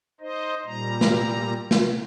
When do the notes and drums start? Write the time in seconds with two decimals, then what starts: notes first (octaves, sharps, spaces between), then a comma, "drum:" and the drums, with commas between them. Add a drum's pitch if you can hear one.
0.21 D#4 C5 D#5
0.66 A#2 G3 A#5
1.01 drum: snare
1.71 drum: snare